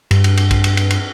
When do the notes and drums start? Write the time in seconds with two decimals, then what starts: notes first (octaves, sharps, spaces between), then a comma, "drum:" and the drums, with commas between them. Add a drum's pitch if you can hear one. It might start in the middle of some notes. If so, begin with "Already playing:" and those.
0.11 G2, drum: cymbal
0.24 drum: cymbal
0.37 drum: cymbal
0.51 drum: kick A#1, cymbal
0.64 drum: cymbal
0.77 drum: cymbal
0.90 drum: cymbal